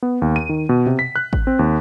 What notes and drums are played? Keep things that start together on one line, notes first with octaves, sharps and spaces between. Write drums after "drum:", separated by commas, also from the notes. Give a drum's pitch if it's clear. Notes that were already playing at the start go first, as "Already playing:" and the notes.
B3
D#2
D#7
D#3
B2
C3
B6
F#6
drum: kick G#1
C4
D#2